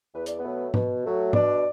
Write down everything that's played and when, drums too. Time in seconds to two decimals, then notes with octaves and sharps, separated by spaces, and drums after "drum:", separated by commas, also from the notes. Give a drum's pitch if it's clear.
0.14 E2 B4
0.26 D5, drum: hi-hat
0.37 B3 B4
0.44 B2 F#3 A3
0.74 B2, drum: tom G#2
1.04 F#3 A3
1.33 B2 D4 D5, drum: tom G#2